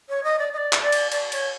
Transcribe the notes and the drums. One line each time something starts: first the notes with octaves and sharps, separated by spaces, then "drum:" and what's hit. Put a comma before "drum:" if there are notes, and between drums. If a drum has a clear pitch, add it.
C#5
D#5
D5
D#5
D5
drum: clap
D5
drum: cymbal
D5, drum: cymbal
C#5, drum: cymbal